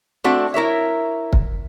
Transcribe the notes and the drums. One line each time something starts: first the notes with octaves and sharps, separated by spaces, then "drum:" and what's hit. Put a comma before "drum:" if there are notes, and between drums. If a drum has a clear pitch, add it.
A3 C4 D4 F#4
E4 A#4 C#5 E5
drum: kick